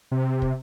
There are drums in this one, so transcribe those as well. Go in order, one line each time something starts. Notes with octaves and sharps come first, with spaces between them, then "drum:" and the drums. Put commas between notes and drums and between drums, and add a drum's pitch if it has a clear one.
C3
drum: kick